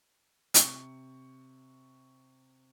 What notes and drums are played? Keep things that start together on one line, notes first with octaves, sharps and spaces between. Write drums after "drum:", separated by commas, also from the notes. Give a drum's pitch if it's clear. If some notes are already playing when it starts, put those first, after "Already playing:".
C3 C#6, drum: hi-hat